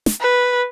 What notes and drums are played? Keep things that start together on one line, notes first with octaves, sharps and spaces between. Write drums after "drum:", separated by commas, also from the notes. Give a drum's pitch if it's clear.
drum: snare
B4